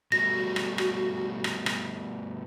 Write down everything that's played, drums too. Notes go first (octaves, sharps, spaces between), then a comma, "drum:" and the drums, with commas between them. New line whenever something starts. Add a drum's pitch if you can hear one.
B2 G3 A3 F#4 A#6
drum: rim click
drum: rim click
drum: rim click
drum: rim click